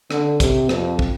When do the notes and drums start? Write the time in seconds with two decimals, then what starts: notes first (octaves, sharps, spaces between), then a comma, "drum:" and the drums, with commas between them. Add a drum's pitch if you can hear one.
0.11 D3, drum: rim click
0.40 C3, drum: kick, hi-hat
0.69 F2, drum: rim click
0.99 drum: kick